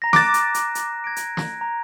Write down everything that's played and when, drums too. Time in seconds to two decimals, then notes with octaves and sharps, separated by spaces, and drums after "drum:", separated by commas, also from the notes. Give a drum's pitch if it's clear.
0.02 A#5 A#6
0.13 D6 F#6 A6 E7, drum: snare
0.34 drum: hi-hat
0.54 drum: hi-hat
0.75 drum: hi-hat
1.04 G#6 A#6 D7
1.16 drum: hi-hat
1.37 drum: snare
1.61 A#5